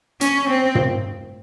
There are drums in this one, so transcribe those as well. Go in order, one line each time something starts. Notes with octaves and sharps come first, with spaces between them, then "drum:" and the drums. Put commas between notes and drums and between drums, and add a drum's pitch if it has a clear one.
C#4, drum: hi-hat
C4
drum: tom